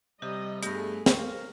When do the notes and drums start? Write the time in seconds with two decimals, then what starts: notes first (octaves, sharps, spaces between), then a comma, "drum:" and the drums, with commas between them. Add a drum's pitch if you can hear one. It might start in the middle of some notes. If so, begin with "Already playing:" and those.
0.22 C3 G3 G4 D#5
0.63 G2 A3 B3 G4 G#4 D#6 A#6, drum: hi-hat
1.06 A#4 C5 F5 C#6, drum: snare